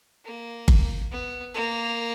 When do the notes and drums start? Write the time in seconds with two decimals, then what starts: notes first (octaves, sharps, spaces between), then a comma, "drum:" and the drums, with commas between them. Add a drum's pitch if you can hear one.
0.25 A#3
0.68 drum: kick G1
1.11 B3
1.54 A#3